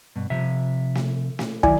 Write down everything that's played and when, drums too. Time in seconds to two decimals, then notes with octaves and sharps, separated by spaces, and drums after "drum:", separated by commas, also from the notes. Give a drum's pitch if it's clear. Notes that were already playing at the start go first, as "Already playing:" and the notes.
0.16 G2 B2
0.30 C3 F3 E5
0.95 drum: snare
1.39 drum: snare
1.63 D#3 F#3 E4 D5 G#5, drum: kick